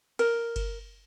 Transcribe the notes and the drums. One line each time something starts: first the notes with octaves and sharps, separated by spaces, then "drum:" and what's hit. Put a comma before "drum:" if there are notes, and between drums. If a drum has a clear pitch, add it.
A#4, drum: cymbal
drum: kick G1, cymbal